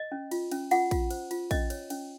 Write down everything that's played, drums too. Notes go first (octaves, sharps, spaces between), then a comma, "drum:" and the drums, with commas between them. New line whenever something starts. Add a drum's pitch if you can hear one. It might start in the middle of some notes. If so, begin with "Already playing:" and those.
Already playing: D#5
C#4
F4, drum: cymbal
C#4, drum: cymbal
F4 F#5, drum: cymbal
F4, drum: kick A#1, cymbal
C5, drum: cymbal
F4, drum: cymbal
C#4 D#5, drum: kick A#1, cymbal
C#5, drum: cymbal
C#4, drum: cymbal